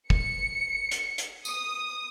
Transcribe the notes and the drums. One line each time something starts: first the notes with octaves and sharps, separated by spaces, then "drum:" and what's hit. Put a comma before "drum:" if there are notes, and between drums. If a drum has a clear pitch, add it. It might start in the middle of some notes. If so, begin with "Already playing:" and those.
C#7, drum: kick
drum: hi-hat
drum: hi-hat
D#6, drum: tambourine